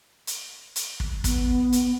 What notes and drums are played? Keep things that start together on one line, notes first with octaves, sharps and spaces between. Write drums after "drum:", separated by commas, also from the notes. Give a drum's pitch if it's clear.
drum: hi-hat
drum: hi-hat
drum: kick
B3, drum: kick, hi-hat
drum: hi-hat